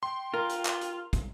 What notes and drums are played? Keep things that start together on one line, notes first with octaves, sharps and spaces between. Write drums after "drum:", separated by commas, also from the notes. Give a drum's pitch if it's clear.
G5 C6
F4 A#4
drum: hi-hat
drum: clap
drum: hi-hat
drum: kick, hi-hat